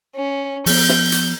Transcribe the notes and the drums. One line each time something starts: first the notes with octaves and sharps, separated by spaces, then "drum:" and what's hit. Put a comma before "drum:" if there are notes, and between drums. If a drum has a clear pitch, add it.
C#4
F3 B3 G6, drum: open hi-hat
drum: snare
drum: hi-hat